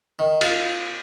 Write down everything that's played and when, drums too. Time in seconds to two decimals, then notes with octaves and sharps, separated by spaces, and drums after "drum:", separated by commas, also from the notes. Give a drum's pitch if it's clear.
0.19 D#3
0.41 F4, drum: cymbal